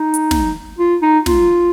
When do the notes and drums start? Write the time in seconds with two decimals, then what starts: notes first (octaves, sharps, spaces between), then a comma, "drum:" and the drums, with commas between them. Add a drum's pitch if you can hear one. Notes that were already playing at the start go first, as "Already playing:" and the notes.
Already playing: D#4
0.14 drum: hi-hat
0.31 drum: snare
0.79 F4
1.02 D#4
1.26 F4, drum: snare